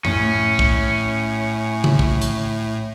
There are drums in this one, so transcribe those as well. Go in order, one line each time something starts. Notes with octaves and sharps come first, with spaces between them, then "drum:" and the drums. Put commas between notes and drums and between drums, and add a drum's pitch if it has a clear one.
A2 C#4, drum: tom
drum: kick
drum: tom C#3
drum: kick
drum: hi-hat